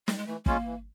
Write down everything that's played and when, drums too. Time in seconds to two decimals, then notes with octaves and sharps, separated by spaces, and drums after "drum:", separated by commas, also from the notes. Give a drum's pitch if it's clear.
0.08 G3, drum: snare
0.18 G#3
0.27 E3 A3
0.46 G#3 A#3 C#4 F4, drum: kick
0.65 E3